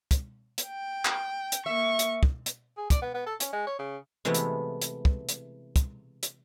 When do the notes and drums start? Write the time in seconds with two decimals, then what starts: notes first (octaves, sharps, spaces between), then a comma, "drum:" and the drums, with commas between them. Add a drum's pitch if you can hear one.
0.11 drum: kick, hi-hat
0.58 drum: hi-hat
0.67 G5
1.05 drum: clap
1.52 drum: hi-hat
1.66 A#3 E5 C#6
1.99 drum: hi-hat
2.23 drum: kick
2.46 drum: hi-hat
2.77 G#4
2.90 D5, drum: kick, hi-hat
3.02 B3
3.15 B3
3.26 A4
3.40 C#4, drum: hi-hat
3.53 G#3
3.67 C#5
3.79 C#3
4.25 C3 E3 G#3 A3 B3
4.34 drum: hi-hat
4.82 drum: hi-hat
5.05 drum: kick
5.29 drum: hi-hat
5.76 drum: kick, hi-hat
6.23 drum: hi-hat